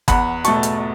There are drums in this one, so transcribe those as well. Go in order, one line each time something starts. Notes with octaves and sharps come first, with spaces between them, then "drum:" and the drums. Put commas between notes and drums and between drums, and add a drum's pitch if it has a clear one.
E2 F#5 B5, drum: kick G1, hi-hat
B2 A3 A5 C#6, drum: hi-hat
drum: hi-hat